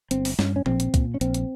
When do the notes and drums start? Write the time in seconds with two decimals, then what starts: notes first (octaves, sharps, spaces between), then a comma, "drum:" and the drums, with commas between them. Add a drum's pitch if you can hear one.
0.11 G1 C4, drum: hi-hat
0.25 drum: open hi-hat
0.39 G2 C#4, drum: snare
0.56 C#4
0.66 A#1 C4, drum: tom A#2
0.80 drum: hi-hat
0.94 A#2, drum: kick, hi-hat
1.14 C#4
1.21 A#1 C4, drum: hi-hat
1.34 drum: hi-hat